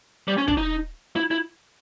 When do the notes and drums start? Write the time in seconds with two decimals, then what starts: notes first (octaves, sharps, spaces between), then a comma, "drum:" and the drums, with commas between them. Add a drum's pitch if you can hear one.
0.28 G3
0.38 C#4
0.48 D4, drum: kick
0.57 D#4
1.16 E4
1.31 E4